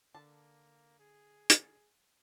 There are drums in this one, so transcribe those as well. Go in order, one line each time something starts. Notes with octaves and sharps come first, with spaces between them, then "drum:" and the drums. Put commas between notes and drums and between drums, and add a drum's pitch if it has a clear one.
D3 A#3 A5
G#4
drum: hi-hat